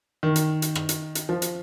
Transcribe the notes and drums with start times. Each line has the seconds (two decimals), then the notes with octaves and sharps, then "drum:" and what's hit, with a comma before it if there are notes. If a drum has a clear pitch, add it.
0.23 D#3
0.36 drum: hi-hat
0.62 drum: hi-hat
0.75 drum: rim click
0.89 drum: hi-hat
1.15 drum: hi-hat
1.29 F3
1.42 drum: hi-hat